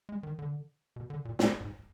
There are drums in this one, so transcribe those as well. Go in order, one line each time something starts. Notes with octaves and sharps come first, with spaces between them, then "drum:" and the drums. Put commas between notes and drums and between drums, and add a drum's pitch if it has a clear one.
G#3
D#3
D3
B2
D3
A#2
A#2, drum: snare
G#2